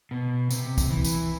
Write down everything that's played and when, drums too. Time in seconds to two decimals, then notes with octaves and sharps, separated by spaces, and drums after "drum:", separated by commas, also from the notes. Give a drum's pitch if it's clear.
0.11 B2
0.51 C3, drum: tambourine
0.78 drum: kick, tambourine
0.91 E3
1.04 drum: tambourine